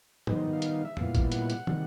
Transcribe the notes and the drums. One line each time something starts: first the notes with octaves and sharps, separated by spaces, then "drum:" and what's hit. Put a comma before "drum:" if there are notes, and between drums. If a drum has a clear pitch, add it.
D#3 G3 B3 D#4 B4, drum: tom
C5
F5
drum: hi-hat
E5
A#2 G3 B3 E4 F5, drum: tom
drum: kick A1, hi-hat
F#5, drum: hi-hat
drum: hi-hat
C3 D#3 G3, drum: tom